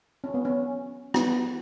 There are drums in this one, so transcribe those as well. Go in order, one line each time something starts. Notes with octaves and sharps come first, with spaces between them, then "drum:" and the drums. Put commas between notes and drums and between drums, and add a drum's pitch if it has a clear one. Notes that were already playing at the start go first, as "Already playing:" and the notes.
C#4
B3
C#4
B3, drum: rim click